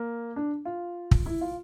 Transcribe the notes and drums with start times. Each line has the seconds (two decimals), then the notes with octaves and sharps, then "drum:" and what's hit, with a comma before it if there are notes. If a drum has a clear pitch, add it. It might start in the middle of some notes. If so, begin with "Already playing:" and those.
Already playing: A#3
0.36 D4
0.65 F4
1.11 drum: kick
1.26 E4
1.41 F4